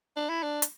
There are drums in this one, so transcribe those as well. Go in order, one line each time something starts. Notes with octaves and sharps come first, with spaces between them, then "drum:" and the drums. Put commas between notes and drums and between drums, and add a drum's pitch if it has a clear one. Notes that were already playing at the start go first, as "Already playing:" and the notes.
D4
E4
D4
drum: hi-hat